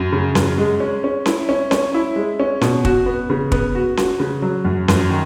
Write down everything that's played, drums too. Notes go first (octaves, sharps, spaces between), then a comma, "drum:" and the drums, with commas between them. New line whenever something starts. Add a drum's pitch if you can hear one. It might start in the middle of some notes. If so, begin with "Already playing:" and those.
Already playing: F#2
C#3
F#2, drum: snare C#4
G#3
C#4
C#4
E4, drum: snare C#4
C#4
C#4, drum: snare C#4
E4
G#3
C#4
B2, drum: snare C#4
F#4, drum: kick
B3
C#3
B3, drum: kick
F#4
F#4, drum: snare C#4
C#3
F#3
F#2
F#2, drum: snare C#4
D#3